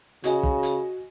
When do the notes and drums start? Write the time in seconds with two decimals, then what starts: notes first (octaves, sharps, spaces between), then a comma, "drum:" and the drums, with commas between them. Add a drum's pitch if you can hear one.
0.24 C#3 F#4 D#5 G#5, drum: hi-hat
0.43 drum: kick
0.63 drum: hi-hat